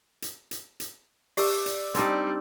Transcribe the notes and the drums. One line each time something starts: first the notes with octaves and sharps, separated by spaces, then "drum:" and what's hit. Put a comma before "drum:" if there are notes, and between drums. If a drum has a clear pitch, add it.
drum: hi-hat
drum: hi-hat
drum: hi-hat
G4 D5 E6, drum: open hi-hat
drum: hi-hat
G3 C4 D4 D#4, drum: hi-hat